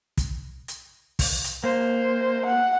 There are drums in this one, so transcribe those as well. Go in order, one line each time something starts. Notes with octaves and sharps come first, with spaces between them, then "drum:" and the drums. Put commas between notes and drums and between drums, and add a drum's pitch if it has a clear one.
drum: kick, hi-hat
drum: hi-hat
drum: kick, open hi-hat
drum: hi-hat
A#3 C5
F#5